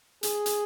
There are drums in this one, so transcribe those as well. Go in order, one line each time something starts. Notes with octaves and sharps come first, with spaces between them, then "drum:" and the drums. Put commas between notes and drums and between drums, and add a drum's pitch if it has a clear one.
G#4, drum: hi-hat
drum: hi-hat